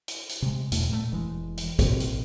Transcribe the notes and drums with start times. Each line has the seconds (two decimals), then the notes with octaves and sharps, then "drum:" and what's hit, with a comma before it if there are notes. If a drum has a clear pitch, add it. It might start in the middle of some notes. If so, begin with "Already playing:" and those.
0.08 drum: hi-hat
0.29 drum: hi-hat
0.42 C3 G#3
0.72 E2 B2 A3, drum: hi-hat
0.89 A#2 A3
1.12 F1 E3 G#3
1.57 drum: hi-hat
1.79 A1 B2 C4, drum: kick, hi-hat
2.00 drum: hi-hat